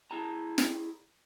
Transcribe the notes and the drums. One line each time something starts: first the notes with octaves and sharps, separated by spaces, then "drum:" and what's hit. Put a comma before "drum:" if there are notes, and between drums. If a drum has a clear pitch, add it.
E4 G#4 A4 A5 A#5
drum: snare